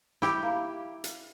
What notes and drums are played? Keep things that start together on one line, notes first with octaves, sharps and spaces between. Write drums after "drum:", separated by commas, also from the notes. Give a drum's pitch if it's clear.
G3 E4 G4, drum: snare
A#3
drum: hi-hat